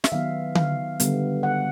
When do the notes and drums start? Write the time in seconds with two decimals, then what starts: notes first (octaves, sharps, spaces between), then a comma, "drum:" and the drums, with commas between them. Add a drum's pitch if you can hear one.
0.04 E5, drum: snare
0.12 D#3 F#3 B3 F5
0.55 F5, drum: tom D3
1.00 D3 G3 B3, drum: hi-hat
1.43 F#5